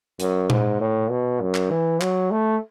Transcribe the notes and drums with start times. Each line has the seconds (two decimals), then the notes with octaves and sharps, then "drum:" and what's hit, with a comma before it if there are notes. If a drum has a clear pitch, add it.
0.20 F#2, drum: hi-hat
0.50 G#2, drum: tom A#2
0.81 A2
1.10 B2
1.41 F#2
1.55 drum: clap
1.71 E3
2.01 F#3, drum: clap
2.31 A3